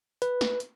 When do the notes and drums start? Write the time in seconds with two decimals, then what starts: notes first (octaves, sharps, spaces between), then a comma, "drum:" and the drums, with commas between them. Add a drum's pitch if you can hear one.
0.22 B4, drum: hi-hat
0.41 drum: snare
0.60 drum: hi-hat